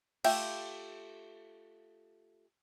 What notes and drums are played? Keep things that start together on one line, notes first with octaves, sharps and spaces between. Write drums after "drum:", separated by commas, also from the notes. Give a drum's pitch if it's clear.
A3 F4 G4 E5 G5, drum: cymbal